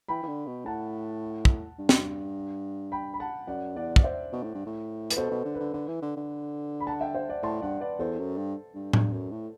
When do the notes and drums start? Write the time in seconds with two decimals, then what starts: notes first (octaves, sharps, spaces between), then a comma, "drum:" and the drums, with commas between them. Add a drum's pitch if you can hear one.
0.08 E3 G5 B5
0.23 E3
0.28 D3
0.47 B2
0.65 A2 F#5 A5
1.45 drum: kick
1.79 G2
1.89 drum: snare
2.92 G5 B5
3.14 B5
3.20 F#5 A5
3.47 F#2 D5 F#5
3.76 E2 D5 F#5
3.96 D5, drum: kick
4.04 C5 E5
4.33 B2
4.43 A2
4.55 G2
4.66 A2
5.10 B4, drum: hi-hat
5.17 B2 A4 C5
5.31 B2
5.45 D3
5.55 B4
5.60 D3
5.73 D3 B4
5.88 E3
6.02 D3
6.17 D3
6.80 B5
6.87 F#5 A5
7.01 E5 G5
7.14 C5 E5
7.29 D5 F#5
7.43 A2 A5 C6
7.61 G2 D5 F#5
7.80 B4 D5
7.99 E2 A4 C5
8.19 F#2
8.38 G2
8.75 G2
8.93 G2, drum: tom A2
9.13 F#2
9.31 A2